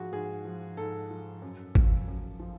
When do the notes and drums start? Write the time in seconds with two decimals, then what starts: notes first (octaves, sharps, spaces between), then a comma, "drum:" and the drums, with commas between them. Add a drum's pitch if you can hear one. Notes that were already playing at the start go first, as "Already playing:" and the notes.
Already playing: G#2 F3 F#4 G#4
0.12 G#2 G#4
0.45 F3
0.77 G#2 A4
1.11 F3
1.42 F#2
1.75 F3, drum: kick
2.08 F#2
2.40 F3